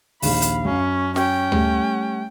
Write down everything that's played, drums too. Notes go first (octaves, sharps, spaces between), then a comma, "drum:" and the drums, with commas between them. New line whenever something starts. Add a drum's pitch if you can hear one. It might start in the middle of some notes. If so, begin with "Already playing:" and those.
A#1 D#2 F5 B5, drum: open hi-hat
drum: hi-hat
F#2 C#4
C#4 G5, drum: snare
G3 A3, drum: tom D2